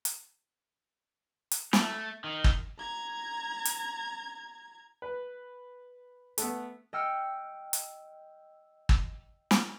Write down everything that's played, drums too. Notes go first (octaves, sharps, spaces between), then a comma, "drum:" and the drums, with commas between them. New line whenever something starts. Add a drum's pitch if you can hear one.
drum: hi-hat
drum: hi-hat
A3, drum: snare
D#3
drum: kick
A#5 G#6
drum: hi-hat
B4
A3 B3, drum: hi-hat
D#5 G5 E6 F6 C#7
drum: hi-hat
drum: kick
drum: snare